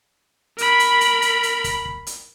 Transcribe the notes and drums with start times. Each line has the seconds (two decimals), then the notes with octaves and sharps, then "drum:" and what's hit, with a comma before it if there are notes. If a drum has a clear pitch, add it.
0.58 A#4 B5, drum: hi-hat
0.80 drum: hi-hat
1.01 drum: hi-hat
1.22 drum: hi-hat
1.43 drum: hi-hat
1.64 drum: kick, hi-hat
1.85 drum: kick
2.07 drum: hi-hat